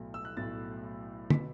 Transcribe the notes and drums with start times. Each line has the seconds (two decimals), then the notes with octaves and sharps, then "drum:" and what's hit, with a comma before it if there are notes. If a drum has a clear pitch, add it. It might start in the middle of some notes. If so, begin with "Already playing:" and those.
Already playing: B1 A2 F#3 A3
0.14 E6
0.25 F#6
0.36 B1 A2 F#3 A3 A6
1.30 B2 B3 B6, drum: tom